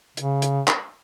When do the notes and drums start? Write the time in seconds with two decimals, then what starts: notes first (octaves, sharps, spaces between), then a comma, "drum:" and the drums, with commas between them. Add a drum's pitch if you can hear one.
0.17 C#3, drum: hi-hat
0.42 drum: hi-hat
0.67 drum: clap